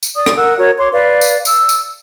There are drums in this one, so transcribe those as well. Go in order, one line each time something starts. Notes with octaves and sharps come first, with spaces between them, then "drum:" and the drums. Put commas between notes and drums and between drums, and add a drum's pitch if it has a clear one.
drum: tambourine
D5 D#6
drum: rim click
A#4 F#5 E6 F#6
F#4 A#4 C#5 G#6
C#5 C6 D6
B4 D5 F5
drum: tambourine
E6, drum: tambourine
drum: tambourine